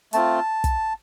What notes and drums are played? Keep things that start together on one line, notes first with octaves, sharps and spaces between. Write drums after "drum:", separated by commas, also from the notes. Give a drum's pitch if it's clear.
A3 C4 F4 A5, drum: hi-hat
drum: kick, hi-hat